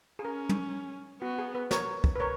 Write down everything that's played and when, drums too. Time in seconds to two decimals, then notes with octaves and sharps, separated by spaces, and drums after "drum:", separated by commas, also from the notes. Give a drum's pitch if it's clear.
0.19 G#4
0.24 C#4 A#4
0.49 drum: tom
1.22 B3 F#4
1.38 G#4
1.55 B4
1.71 A#4 C#5, drum: snare
2.04 drum: kick
2.16 B4
2.20 A#4 C#5